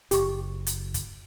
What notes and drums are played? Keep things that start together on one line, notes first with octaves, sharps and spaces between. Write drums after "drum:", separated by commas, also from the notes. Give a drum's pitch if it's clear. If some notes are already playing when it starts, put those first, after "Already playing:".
F#1 G4 C#6, drum: hi-hat
drum: hi-hat
drum: kick, hi-hat